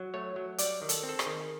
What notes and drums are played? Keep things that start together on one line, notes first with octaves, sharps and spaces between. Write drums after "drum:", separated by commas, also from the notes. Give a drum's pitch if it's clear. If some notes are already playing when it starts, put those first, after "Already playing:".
Already playing: F#3
A3 C#5
F#3
G3 D5, drum: hi-hat
D#3
A4, drum: hi-hat
C4
A4
G#4, drum: rim click
D#3